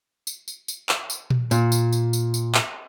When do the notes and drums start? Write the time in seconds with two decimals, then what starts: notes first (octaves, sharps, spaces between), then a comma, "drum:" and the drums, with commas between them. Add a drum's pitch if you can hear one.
0.27 drum: tambourine
0.48 drum: tambourine
0.68 drum: tambourine
0.89 drum: clap
1.10 drum: tambourine
1.30 drum: tom A#2
1.51 A#2, drum: tambourine
1.72 drum: tambourine
1.93 drum: tambourine
2.13 drum: tambourine
2.34 drum: tambourine
2.55 drum: clap